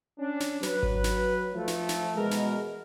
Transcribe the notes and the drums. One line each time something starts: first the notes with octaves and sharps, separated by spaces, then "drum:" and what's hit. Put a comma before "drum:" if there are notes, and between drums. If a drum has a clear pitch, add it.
C#4 D4
drum: snare
F#3 B4, drum: snare
drum: kick G#1
drum: snare
F3 A3
drum: snare
drum: snare
E2 B2 G#3 A#4
drum: snare